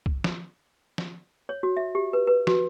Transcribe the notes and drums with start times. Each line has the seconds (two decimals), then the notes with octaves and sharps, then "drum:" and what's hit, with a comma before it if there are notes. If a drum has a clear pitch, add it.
0.06 drum: kick
0.24 drum: snare
0.98 drum: snare
1.49 C#5
1.63 F#4
1.77 E5
1.95 G4
2.13 B4
2.27 B4
2.47 F#4, drum: snare